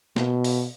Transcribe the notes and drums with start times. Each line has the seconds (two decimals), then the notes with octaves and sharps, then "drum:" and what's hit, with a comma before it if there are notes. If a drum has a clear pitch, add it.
0.16 B2, drum: snare
0.44 drum: open hi-hat